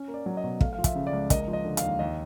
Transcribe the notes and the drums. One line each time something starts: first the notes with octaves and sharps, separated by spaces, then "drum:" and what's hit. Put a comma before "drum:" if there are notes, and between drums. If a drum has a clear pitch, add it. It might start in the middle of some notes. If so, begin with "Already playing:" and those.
Already playing: C#4
A#3
D5
F#3
D#5
B2
A3 F5, drum: kick
F5
F3
E5, drum: kick, hi-hat
C#3
D5
C#2
A#3 D#5, drum: kick, hi-hat
F3
D#5
D3
F5, drum: hi-hat
D#2
D#2 D#5